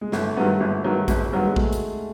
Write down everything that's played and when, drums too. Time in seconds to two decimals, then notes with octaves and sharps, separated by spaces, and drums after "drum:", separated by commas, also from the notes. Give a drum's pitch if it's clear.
0.01 G#3
0.12 G1 A3, drum: snare
0.37 G2 D#3 F#3 B3
0.60 G1 G#3
0.84 G2 D#3 F#3 B3
1.08 G1 G#3, drum: kick A1, hi-hat
1.33 G2 D#3 F#3 B3
1.46 G#3
1.56 A3, drum: kick A1
1.73 drum: hi-hat